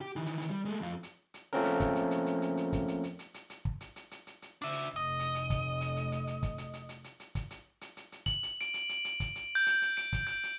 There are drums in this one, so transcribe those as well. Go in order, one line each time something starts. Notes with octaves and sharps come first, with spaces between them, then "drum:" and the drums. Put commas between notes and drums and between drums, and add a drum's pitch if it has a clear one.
G4
D#3 E3
drum: hi-hat
drum: hi-hat
G3
G#3 A3
F2 F4
drum: hi-hat
drum: hi-hat
F3 A3 A#3 C4 C#4 A#4
drum: hi-hat
drum: kick, hi-hat
drum: hi-hat
drum: hi-hat
drum: hi-hat
drum: hi-hat
drum: hi-hat
drum: kick, hi-hat
drum: hi-hat
drum: hi-hat
drum: hi-hat
drum: hi-hat
drum: hi-hat
drum: kick
drum: hi-hat
drum: hi-hat
drum: hi-hat
drum: hi-hat
drum: hi-hat
D4 E5
drum: hi-hat
F1 D#5
drum: hi-hat
drum: hi-hat
drum: kick, hi-hat
drum: hi-hat
drum: hi-hat
drum: hi-hat
drum: hi-hat
drum: kick, hi-hat
drum: hi-hat
drum: hi-hat
drum: hi-hat
drum: hi-hat
drum: hi-hat
drum: kick, hi-hat
drum: hi-hat
drum: hi-hat
drum: hi-hat
drum: hi-hat
F#7, drum: kick, hi-hat
drum: hi-hat
D7, drum: hi-hat
drum: hi-hat
drum: hi-hat
drum: hi-hat
drum: kick, hi-hat
drum: hi-hat
G6
drum: hi-hat
drum: hi-hat
D7, drum: hi-hat
drum: kick, hi-hat
G6, drum: hi-hat
drum: hi-hat